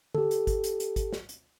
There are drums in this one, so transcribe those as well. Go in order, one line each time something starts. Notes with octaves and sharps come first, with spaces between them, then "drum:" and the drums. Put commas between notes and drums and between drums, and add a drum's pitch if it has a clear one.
G4 A4, drum: tom D3
drum: hi-hat
drum: kick G#1, hi-hat
drum: hi-hat
drum: hi-hat
drum: kick G#1, hi-hat
drum: snare
drum: hi-hat